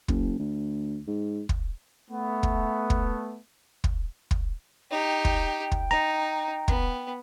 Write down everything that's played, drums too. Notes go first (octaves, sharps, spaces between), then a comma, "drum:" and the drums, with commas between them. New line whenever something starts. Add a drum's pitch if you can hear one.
F#1, drum: kick
D2
G#2
drum: kick
A3 B3
drum: kick
drum: kick
drum: kick
drum: kick
D#4 G4 G5
drum: kick
drum: kick
D#4 A#5
B3, drum: kick